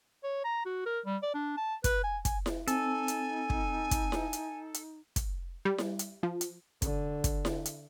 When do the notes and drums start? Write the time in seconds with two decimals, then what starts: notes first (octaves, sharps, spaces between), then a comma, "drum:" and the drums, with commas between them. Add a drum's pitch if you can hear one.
0.24 C#5
0.44 A#5
0.65 F#4
0.86 A#4
1.06 G3
1.23 D5
1.34 D4
1.57 A5
1.84 B4, drum: kick, hi-hat
2.04 G#5
2.25 G#5, drum: kick, hi-hat
2.46 drum: snare E4
2.68 C4 D#4 A4 G#5, drum: hi-hat
3.08 drum: hi-hat
3.50 drum: kick
3.91 drum: kick, hi-hat
4.12 drum: snare E4
4.33 drum: hi-hat
4.74 drum: hi-hat
5.16 drum: kick, hi-hat
5.65 G3
5.78 drum: snare E4
5.99 drum: hi-hat
6.23 F3
6.41 drum: hi-hat
6.82 D3, drum: kick, hi-hat
7.24 drum: kick, hi-hat
7.45 drum: snare E4
7.66 drum: hi-hat